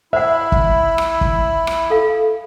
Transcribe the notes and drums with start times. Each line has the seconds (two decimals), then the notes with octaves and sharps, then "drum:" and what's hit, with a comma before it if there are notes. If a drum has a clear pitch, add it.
0.13 E4 C5 E5 F#5
0.52 drum: kick F#1
0.98 drum: rim click
1.21 drum: kick F#1
1.67 drum: rim click
1.90 A4 F5